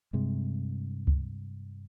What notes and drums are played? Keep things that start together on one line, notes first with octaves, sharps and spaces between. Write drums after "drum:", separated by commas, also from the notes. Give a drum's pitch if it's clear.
G2 C3 G#3
drum: kick C#2